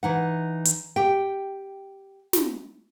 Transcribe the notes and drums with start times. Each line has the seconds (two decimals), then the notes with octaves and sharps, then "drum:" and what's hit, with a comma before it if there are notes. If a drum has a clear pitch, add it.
0.03 E3 D#4 F#5
0.65 drum: hi-hat
0.96 G4 G5
2.33 drum: snare